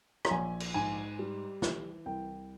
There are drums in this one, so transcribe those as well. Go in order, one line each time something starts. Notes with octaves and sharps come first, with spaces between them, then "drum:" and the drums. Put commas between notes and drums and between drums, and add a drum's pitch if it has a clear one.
A#5, drum: rim click
A#1 G#5
drum: cymbal
G#2 G#5
G3
E3, drum: snare
C2 G5